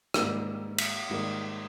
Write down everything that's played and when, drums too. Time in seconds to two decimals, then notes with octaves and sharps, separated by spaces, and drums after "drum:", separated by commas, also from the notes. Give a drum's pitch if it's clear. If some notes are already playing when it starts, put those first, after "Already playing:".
0.14 G#2 D#3 G3 A#3, drum: rim click
0.78 drum: cymbal
1.09 G#2 D#3 G3 A#3